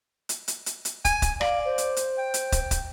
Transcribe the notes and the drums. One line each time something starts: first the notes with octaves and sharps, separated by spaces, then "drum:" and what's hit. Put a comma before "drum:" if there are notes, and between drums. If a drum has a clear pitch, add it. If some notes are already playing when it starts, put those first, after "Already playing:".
drum: hi-hat
drum: hi-hat
drum: hi-hat
drum: hi-hat
G#5, drum: kick, hi-hat
drum: kick, hi-hat
D5 F5, drum: rim click
C5
drum: hi-hat
drum: hi-hat
G5
drum: hi-hat
drum: kick, hi-hat
drum: kick, hi-hat